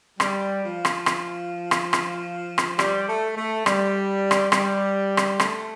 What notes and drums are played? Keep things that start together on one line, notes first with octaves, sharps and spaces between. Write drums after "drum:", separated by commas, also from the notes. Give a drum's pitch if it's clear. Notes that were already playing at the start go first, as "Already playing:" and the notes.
G3, drum: rim click
F3
drum: rim click
drum: rim click
drum: rim click
drum: rim click
drum: rim click
G3, drum: rim click
A3
A3
G3, drum: rim click
drum: rim click
G3, drum: rim click
drum: rim click
A3, drum: rim click